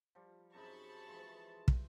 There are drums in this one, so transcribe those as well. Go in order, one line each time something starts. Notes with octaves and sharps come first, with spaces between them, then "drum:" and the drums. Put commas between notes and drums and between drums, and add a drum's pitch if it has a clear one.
F3 G3
F#2 C3 D#4 G#4 C5 A5 B5 C#6
E3 F3 G#3
drum: kick